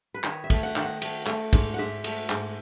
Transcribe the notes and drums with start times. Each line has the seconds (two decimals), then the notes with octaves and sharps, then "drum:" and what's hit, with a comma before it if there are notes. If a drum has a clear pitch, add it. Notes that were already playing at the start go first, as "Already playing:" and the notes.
0.14 B4
0.24 D#3 C#5, drum: clap
0.44 E5
0.50 A3, drum: kick, cymbal
0.63 F#5
0.76 D#3, drum: clap
0.82 F#5
1.02 A3, drum: cymbal
1.26 A3, drum: clap
1.53 G#2, drum: kick, cymbal
1.74 G#2 E5 F#5
2.04 A3, drum: cymbal
2.30 G#2, drum: clap